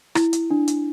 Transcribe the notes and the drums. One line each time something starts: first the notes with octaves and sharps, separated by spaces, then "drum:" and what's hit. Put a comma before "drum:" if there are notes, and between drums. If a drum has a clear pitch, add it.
E4, drum: rim click
drum: hi-hat
D4
drum: hi-hat